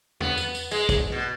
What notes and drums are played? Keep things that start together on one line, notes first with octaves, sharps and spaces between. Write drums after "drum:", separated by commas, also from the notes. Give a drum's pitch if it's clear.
B3, drum: tom E2
drum: tambourine
drum: tambourine
G#3, drum: tambourine
drum: kick, tambourine
B2